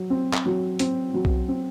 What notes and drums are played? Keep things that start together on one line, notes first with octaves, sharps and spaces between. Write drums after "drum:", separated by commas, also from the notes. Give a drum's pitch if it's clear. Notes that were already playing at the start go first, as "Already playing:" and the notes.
Already playing: F#3
C4
drum: clap
F#3
C4, drum: hi-hat
F#3
drum: kick B1
C4